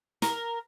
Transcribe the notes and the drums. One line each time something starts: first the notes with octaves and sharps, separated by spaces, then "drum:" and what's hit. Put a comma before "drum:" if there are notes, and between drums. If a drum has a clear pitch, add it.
A#4, drum: snare